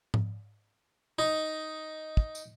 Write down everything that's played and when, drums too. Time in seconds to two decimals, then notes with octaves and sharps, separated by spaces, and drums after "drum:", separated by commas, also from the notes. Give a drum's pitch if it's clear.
0.14 drum: tom G#2
1.19 D#4
2.17 drum: kick
2.35 drum: tambourine